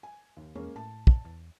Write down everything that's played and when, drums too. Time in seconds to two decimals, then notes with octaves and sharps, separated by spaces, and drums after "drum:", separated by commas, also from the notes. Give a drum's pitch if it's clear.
0.03 G#5
0.37 D#2
0.55 E2 G#3 A#3 C#4
0.76 A2 A5
1.07 drum: kick
1.25 E2